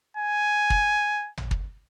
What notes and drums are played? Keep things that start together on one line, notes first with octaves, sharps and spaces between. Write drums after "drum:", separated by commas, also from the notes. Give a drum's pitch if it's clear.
G#5
drum: kick
drum: tom
drum: kick